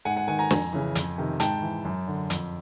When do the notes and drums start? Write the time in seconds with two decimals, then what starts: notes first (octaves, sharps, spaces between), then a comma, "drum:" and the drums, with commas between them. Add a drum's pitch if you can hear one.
0.05 G#2 F#5 G#5
0.17 F#5 G#5
0.28 D#3 F#5 G#5
0.39 G#5 A#5
0.51 F2, drum: snare
0.72 C#3 E3
0.95 F2, drum: hi-hat
1.18 C3 D#3
1.40 G#2 G5 A5, drum: hi-hat
1.62 E3
1.85 F#2
2.07 D3
2.30 F2, drum: hi-hat